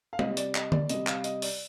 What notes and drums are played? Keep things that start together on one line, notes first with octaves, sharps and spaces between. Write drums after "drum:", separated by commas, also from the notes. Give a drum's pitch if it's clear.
F5
C3 G3 D#5, drum: tom
D5, drum: hi-hat
D#5, drum: clap
D5, drum: tom
C3 G3 D#5, drum: hi-hat
F5, drum: clap
D#5, drum: hi-hat
D5, drum: open hi-hat